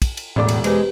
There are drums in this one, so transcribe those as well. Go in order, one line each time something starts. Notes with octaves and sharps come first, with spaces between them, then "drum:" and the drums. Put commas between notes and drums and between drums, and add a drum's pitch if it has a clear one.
drum: kick, cymbal
drum: cymbal
E1 A2 D5 D6
drum: cymbal
G#3 G4 B4 C5, drum: cymbal